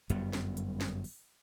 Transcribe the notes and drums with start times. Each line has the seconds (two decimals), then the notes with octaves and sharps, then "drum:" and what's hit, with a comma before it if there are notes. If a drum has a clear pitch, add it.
0.10 G1 F#2 G3 B3, drum: hi-hat
0.33 drum: snare
0.57 drum: hi-hat
0.81 drum: snare
1.04 drum: open hi-hat